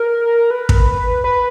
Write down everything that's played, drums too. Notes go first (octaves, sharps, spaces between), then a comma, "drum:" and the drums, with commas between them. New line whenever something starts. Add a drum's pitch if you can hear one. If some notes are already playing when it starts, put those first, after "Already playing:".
Already playing: A#4
B4
drum: kick
B4